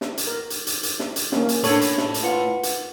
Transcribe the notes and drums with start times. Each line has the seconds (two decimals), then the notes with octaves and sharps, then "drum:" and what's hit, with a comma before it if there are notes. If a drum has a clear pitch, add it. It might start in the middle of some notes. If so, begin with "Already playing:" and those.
0.01 drum: snare
0.17 drum: hi-hat
0.27 A#4
0.50 drum: hi-hat
0.67 drum: hi-hat
0.83 drum: hi-hat
0.99 drum: snare
1.16 drum: hi-hat
1.32 A#3 C#4, drum: snare
1.49 drum: hi-hat
1.64 A2 D4 A4 C#5 D#7 F#7, drum: hi-hat
1.81 drum: hi-hat
1.98 drum: snare
2.14 drum: hi-hat
2.23 F4 B4 F#5 C#7
2.63 drum: hi-hat